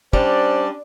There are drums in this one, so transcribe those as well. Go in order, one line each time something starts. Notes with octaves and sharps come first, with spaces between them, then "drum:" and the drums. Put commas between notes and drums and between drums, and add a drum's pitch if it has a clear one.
G3 C#4 D4 C5 D5 A5, drum: kick